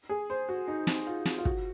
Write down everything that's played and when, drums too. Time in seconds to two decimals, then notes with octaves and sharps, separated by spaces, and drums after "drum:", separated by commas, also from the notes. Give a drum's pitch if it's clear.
0.09 G#4
0.30 C5
0.49 F#4
0.68 D#4
0.87 drum: snare
1.07 F4
1.25 drum: snare
1.39 F4
1.45 F#4, drum: kick